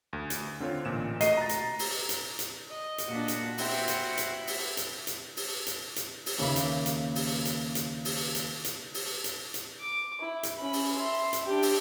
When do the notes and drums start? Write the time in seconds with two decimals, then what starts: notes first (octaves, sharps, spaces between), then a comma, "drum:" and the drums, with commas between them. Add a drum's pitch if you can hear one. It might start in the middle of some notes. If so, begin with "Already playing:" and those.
0.13 D2
0.30 drum: hi-hat
0.60 D3 C4 F4 C#5
0.85 A1 A#2 E7
1.21 A3 F#4 D#5 A#5 C7 D#7, drum: hi-hat
1.37 A#5 A6
1.49 drum: hi-hat
1.79 drum: open hi-hat
2.09 drum: hi-hat
2.39 drum: hi-hat
2.70 D#5
2.98 drum: hi-hat
3.08 A#2 D4 F#4
3.28 drum: hi-hat
3.58 C4 E4, drum: open hi-hat
3.88 drum: hi-hat
4.18 drum: hi-hat
4.47 drum: open hi-hat
4.77 drum: hi-hat
5.07 drum: hi-hat
5.37 drum: open hi-hat
5.67 drum: hi-hat
5.96 drum: hi-hat
6.26 drum: open hi-hat
6.39 D#2 C#3 A#3 E5 B5
6.56 drum: hi-hat
6.86 drum: hi-hat
7.16 drum: open hi-hat
7.45 drum: hi-hat
7.75 drum: hi-hat
8.05 drum: open hi-hat
8.35 drum: hi-hat
8.65 drum: hi-hat
8.94 drum: open hi-hat
9.24 drum: hi-hat
9.54 drum: hi-hat
9.79 D6
10.21 E4
10.43 drum: hi-hat
10.58 C#4 B5
10.73 drum: open hi-hat
10.96 E5 C6
11.33 drum: hi-hat
11.45 D4 G4
11.63 drum: open hi-hat